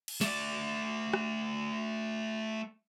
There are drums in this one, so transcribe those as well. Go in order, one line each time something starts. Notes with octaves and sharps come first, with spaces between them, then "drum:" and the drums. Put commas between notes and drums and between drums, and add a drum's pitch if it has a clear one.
drum: cymbal
A3 D5, drum: snare
drum: rim click